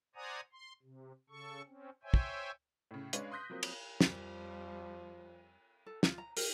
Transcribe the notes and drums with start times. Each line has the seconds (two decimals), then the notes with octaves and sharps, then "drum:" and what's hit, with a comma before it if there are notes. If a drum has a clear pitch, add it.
0.15 C5 D5 F#5 G#5 A#5 D#6
0.52 C6
0.82 C3
1.29 C#3 A4 C#6
1.67 C4 C#4
2.03 C5 C#5 E5 G5 G#5
2.14 drum: kick
2.91 A2 C#3
3.13 G#3 C#4 D4 B4 C#5 F5, drum: hi-hat
3.31 C6 D#6 F#6 G6 A#6 B6
3.50 F3 F#3 A#3 C4
3.63 drum: cymbal
4.01 F2 F3 G3, drum: snare
5.86 A4
6.03 F4, drum: snare
6.18 A#5
6.37 A#4, drum: open hi-hat